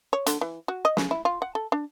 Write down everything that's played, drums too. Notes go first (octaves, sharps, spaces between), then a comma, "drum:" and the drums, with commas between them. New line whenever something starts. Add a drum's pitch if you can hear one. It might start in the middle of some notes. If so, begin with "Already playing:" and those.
C#5
D3, drum: hi-hat
E3
F#4
D#5
C#3, drum: snare
E4
F4
F#5
A4
D4